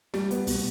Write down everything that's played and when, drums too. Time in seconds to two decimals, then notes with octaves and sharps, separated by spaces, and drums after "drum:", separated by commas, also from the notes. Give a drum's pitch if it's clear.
0.14 G3, drum: snare
0.31 B3, drum: hi-hat
0.47 B2, drum: kick, open hi-hat